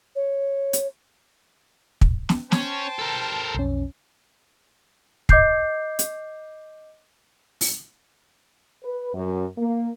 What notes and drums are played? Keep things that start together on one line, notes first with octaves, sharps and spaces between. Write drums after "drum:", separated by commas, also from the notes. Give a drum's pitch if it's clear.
C#5
drum: hi-hat
drum: kick
drum: snare
C#4 C5 C#5 G5 A5, drum: snare
A4 A#4
B1 F2 C#4
D#5 D6 G6 C7, drum: kick
drum: hi-hat
drum: open hi-hat
B4
F#2
A#3